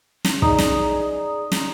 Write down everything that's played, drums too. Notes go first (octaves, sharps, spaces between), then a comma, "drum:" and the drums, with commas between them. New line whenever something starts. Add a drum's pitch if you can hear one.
drum: snare
D#4 G#4 D5, drum: kick
drum: snare
drum: snare